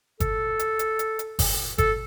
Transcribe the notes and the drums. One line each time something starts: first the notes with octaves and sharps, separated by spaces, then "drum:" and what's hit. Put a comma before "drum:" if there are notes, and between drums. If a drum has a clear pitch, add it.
A4, drum: kick G1, hi-hat
drum: hi-hat
drum: hi-hat
drum: hi-hat
drum: hi-hat
drum: kick G1, open hi-hat
A4, drum: kick G1, hi-hat